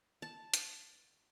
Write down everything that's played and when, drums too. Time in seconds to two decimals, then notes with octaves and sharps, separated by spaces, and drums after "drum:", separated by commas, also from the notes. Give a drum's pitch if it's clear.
0.22 A5
0.54 drum: hi-hat